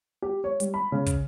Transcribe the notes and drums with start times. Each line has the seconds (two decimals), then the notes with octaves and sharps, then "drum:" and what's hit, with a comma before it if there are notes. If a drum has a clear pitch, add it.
0.22 G4
0.44 C#5
0.60 G3, drum: hi-hat
0.74 B5
0.92 C#3
1.07 drum: kick, hi-hat